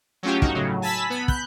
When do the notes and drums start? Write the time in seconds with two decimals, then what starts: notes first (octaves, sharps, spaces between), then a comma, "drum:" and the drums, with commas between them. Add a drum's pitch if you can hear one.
0.23 F#3 A3 C#4 F4 G4
0.42 G1 D#4 F#4, drum: kick
0.55 A2 C#3 F#3
0.82 G#5 A5 B5 E6 B6
1.10 B3 B5
1.28 F#6 G6, drum: kick